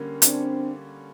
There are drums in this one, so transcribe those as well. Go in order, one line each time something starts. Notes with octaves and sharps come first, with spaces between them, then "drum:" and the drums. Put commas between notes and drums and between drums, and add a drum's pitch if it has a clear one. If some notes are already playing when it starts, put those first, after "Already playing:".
Already playing: D3 G3 A#3 C#4
C4 D4, drum: hi-hat